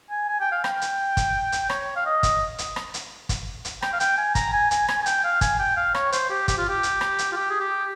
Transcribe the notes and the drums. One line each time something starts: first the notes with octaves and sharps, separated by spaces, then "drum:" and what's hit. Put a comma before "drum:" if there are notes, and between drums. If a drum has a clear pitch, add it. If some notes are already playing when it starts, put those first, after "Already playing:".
G#5
G#5
G5
F5
G5, drum: rim click
drum: hi-hat
drum: kick, hi-hat
drum: hi-hat
C#5, drum: rim click
F5
D#5
drum: kick, hi-hat
drum: hi-hat
drum: rim click
drum: hi-hat
drum: kick, hi-hat
drum: hi-hat
G5, drum: rim click
F5
G5, drum: hi-hat
G#5
A#5, drum: kick, hi-hat
G#5
G#5, drum: hi-hat
G#5, drum: rim click
G#5
G5, drum: hi-hat
F5
G#5, drum: kick, hi-hat
G5
F5
C#5, drum: rim click
C5, drum: hi-hat
G4
G4, drum: kick, hi-hat
F4
G4
drum: hi-hat
drum: rim click
drum: hi-hat
F4
G4
G#4
G4